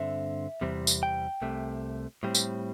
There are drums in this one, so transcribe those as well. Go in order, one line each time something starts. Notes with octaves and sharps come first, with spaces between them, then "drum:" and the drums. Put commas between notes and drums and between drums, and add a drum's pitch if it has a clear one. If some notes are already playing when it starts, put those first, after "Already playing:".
Already playing: G2 D3 C4 E5
E2 C3 G3 C4
drum: tambourine
G5
C2 C3 A3
A2 G3 C4
drum: tambourine